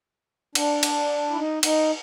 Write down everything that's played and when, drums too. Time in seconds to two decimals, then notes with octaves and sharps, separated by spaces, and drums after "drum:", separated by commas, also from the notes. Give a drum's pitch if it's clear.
0.55 D4, drum: cymbal
0.83 drum: cymbal
1.30 E4
1.37 D#4
1.63 D#4, drum: cymbal